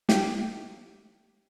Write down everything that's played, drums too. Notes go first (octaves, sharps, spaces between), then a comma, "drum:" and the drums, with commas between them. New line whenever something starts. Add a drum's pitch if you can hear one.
G4, drum: snare